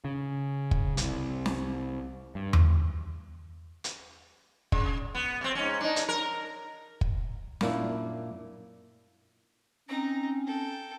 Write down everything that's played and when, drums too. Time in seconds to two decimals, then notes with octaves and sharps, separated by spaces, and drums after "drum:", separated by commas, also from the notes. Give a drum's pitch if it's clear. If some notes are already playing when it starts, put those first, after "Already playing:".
0.05 C#3
0.71 drum: kick
0.97 C2, drum: hi-hat
1.46 drum: snare
2.35 G2
2.53 drum: tom E2
3.84 drum: hi-hat
4.72 C#3, drum: kick
5.15 B3
5.41 C3 C4
5.55 G#2 C#4
5.81 D4 D#4
5.96 drum: hi-hat
6.09 A#4
7.01 drum: kick
7.61 F#2 A#2 A#3 D4 E4, drum: snare
9.89 C4 C#4 D#4 A#5
10.47 A4 G5